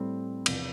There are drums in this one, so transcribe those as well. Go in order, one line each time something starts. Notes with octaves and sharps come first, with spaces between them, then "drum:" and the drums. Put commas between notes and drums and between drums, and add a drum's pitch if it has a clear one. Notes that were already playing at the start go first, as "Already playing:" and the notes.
Already playing: A2 G3 C4
E2 C3 F3 B3 D4, drum: cymbal